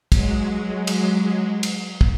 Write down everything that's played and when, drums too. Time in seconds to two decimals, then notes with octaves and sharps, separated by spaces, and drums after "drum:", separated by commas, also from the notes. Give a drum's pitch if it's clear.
0.12 F#3 G#3, drum: kick, cymbal
0.87 drum: cymbal
1.63 drum: cymbal
2.01 drum: kick